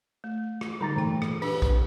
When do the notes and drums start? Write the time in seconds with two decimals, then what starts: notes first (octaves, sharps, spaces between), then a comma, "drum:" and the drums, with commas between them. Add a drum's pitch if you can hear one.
0.24 A3
0.61 drum: rim click
0.81 D3 G3 D#4 A#5 A6
0.96 G2 A#2 E3 A3 G5
1.22 drum: rim click
1.42 D4 G4 B4, drum: open hi-hat
1.62 drum: kick A#1, hi-hat